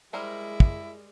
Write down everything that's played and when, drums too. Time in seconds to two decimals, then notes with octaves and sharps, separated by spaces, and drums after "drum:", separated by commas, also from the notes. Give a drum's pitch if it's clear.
0.13 G3 G#3 E4 A#4 C5
0.60 drum: kick